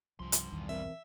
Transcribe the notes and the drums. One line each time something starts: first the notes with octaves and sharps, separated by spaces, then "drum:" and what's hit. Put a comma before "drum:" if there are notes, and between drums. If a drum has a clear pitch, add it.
C2 G2 F3 C6
drum: hi-hat
B1 E2 D#3
E3 C4 A#4 E5